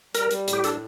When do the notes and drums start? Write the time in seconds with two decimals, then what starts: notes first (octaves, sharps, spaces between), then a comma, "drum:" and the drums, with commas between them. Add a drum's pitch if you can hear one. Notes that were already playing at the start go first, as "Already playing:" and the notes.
0.15 G3 A#4, drum: hi-hat
0.31 G3, drum: hi-hat
0.48 A2, drum: hi-hat
0.53 G4
0.64 D4 A4, drum: hi-hat